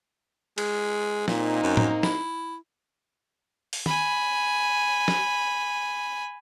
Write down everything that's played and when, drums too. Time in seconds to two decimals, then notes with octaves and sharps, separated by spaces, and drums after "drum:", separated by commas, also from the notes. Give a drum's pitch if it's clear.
0.58 G#3, drum: cymbal
1.28 A#2 A#3 C4 D#4, drum: snare
1.63 F#2
1.77 drum: tom A2
2.03 E4, drum: snare
3.73 drum: open hi-hat
3.86 G#5 B5, drum: tom
5.08 drum: snare